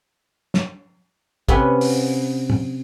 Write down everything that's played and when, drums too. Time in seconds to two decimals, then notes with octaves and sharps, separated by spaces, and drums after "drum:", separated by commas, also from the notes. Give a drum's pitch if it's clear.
0.54 drum: snare
1.49 C3 B3 C#4 F#4 E5, drum: kick
1.81 drum: open hi-hat
2.50 drum: tom